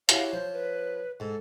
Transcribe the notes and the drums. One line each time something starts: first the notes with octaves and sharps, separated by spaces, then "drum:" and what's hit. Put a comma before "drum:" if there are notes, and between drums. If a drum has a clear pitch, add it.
E4 F#4 G4 C#5 F5, drum: hi-hat
F3 C5
B4
G#2 A4